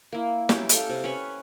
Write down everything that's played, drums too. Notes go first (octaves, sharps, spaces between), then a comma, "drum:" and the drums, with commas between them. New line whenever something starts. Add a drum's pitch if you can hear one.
A#3 E4
F#3 C#4 E4 G4, drum: snare
A4 F5 G5, drum: hi-hat
C3
C#4 B4 B5 C#6